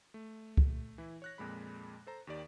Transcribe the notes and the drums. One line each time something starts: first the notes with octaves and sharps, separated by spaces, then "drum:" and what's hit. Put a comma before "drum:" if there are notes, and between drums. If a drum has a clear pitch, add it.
A3
drum: kick C#2
E3 E4
C#5 F#6 A#6
F2 A#2 G#3 B5
A4 C5 A#5
D#2 D#3 G4 D5